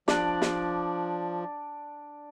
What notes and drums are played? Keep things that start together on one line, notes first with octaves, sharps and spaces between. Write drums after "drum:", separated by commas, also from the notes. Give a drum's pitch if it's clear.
F3 D4 D5, drum: snare
drum: snare